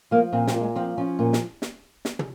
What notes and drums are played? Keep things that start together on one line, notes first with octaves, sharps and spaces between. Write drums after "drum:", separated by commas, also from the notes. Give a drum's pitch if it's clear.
F3 A#3
A#2 C4
C4, drum: snare
A#2
G#3
F3 C4
F3 C#4
A#2
drum: snare
drum: snare
drum: snare
drum: tom